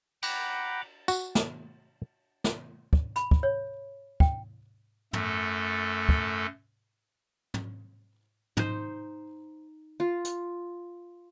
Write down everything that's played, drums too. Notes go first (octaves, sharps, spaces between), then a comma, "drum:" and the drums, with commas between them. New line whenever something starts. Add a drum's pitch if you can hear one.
F#5 G5 A#5 B5 D6, drum: cymbal
F#4, drum: tambourine
drum: snare
drum: snare
drum: kick
B5, drum: hi-hat
drum: kick
C#5
G5, drum: kick
F#2 A3 A4, drum: tom
drum: kick
drum: tom
D#4 C5, drum: tom
F4
drum: hi-hat